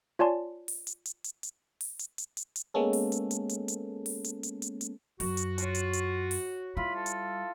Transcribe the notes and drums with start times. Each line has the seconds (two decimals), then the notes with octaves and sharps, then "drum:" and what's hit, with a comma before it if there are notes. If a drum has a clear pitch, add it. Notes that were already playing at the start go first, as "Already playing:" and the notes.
0.19 F4 C#5 D5 G#5 A5 C6
0.68 drum: open hi-hat
0.87 drum: hi-hat
1.05 drum: hi-hat
1.24 drum: hi-hat
1.43 drum: hi-hat
1.81 drum: open hi-hat
1.99 drum: hi-hat
2.18 drum: hi-hat
2.37 drum: hi-hat
2.56 drum: hi-hat
2.74 G#3 A#3 B3 C#4 A4
2.93 drum: open hi-hat
3.12 drum: hi-hat
3.31 drum: hi-hat
3.49 drum: hi-hat
3.68 drum: hi-hat
4.06 drum: open hi-hat
4.24 drum: hi-hat
4.43 drum: hi-hat
4.62 drum: hi-hat
4.81 drum: hi-hat
5.20 F#2 F#4, drum: open hi-hat
5.37 drum: hi-hat
5.58 F4 C#5 C#6, drum: hi-hat
5.75 drum: hi-hat
5.93 drum: hi-hat
6.31 drum: open hi-hat
6.77 G3 E4 F4 B5
6.95 A4
7.06 drum: hi-hat